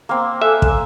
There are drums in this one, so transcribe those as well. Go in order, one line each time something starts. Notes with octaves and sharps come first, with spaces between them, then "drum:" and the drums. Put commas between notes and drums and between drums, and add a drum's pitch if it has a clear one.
A#3 C4
A4 E5 G#5 F#6
drum: kick